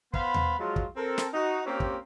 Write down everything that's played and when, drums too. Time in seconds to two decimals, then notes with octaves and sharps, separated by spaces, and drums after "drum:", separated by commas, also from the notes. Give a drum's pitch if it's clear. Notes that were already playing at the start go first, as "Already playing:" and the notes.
0.14 B3 C5 F5 B5, drum: kick
0.34 drum: tom D#2
0.59 F3 F#3 G#3 F4
0.76 drum: kick
0.97 C4 A4 A#4
1.18 drum: snare
1.34 D#4 F#4
1.67 A#3 C4 C#4 F4 G4
1.80 drum: kick